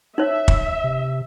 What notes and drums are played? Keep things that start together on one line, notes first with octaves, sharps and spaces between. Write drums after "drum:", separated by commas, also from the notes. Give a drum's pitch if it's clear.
D#4 C#5 E5
drum: kick
C3